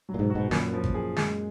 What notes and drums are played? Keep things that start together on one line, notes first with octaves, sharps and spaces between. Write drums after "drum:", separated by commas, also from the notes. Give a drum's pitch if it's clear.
F#3
A#2
G#2 B2
F#4
G#2 B2
F#2 A#2 B3, drum: snare
F3
drum: kick G#1
G#4
G#3, drum: snare